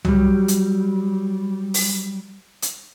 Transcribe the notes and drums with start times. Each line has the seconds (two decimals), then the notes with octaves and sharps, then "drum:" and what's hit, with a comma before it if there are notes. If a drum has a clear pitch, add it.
0.05 F#3 G3, drum: tom
0.48 drum: hi-hat
1.74 drum: open hi-hat
2.62 drum: hi-hat